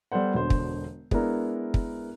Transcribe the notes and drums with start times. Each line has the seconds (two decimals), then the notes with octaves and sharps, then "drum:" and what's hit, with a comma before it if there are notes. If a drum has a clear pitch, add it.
0.12 G3 B3 A4 C5 F#5
0.34 E1 B2 D3 C5
0.50 drum: kick
1.11 G#3 B3 D4 E4 A#4, drum: kick
1.74 drum: kick